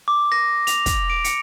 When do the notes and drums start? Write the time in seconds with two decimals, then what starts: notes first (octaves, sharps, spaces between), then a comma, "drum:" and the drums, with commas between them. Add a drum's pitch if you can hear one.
0.08 D6
0.32 A#6
0.67 F7, drum: hi-hat
0.86 drum: kick, hi-hat
1.10 D7
1.24 C#7, drum: hi-hat